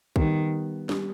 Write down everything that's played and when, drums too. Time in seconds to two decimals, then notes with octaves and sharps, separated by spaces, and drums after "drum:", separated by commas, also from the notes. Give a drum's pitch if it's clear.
0.16 D#3 G3 B3, drum: kick
0.89 G3, drum: snare